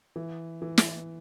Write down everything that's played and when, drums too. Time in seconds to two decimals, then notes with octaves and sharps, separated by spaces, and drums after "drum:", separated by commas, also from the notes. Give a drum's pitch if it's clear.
0.16 E3
0.62 E3
0.78 drum: snare